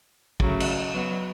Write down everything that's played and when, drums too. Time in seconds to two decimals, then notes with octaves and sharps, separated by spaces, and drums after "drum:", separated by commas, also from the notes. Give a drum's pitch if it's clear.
0.40 C#3 F#3 A3, drum: kick
0.60 drum: cymbal
0.93 F#3 B3 F#4